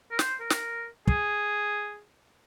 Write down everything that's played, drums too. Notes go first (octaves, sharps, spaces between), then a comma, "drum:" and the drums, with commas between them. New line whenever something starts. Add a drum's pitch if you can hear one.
A#4
C5, drum: snare
A#4
drum: snare
G#4, drum: kick